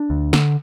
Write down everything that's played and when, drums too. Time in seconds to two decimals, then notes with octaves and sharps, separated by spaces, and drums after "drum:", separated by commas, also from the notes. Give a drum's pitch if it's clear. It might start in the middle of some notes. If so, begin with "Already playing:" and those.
Already playing: D4
0.10 D2
0.33 D3, drum: snare